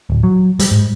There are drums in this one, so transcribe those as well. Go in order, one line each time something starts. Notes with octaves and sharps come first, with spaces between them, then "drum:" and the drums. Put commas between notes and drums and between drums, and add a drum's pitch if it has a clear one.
D1
F#3
G3, drum: hi-hat
G#2